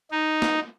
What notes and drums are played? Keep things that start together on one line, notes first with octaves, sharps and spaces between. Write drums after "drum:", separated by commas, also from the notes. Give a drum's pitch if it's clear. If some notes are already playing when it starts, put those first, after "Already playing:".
D#4
drum: snare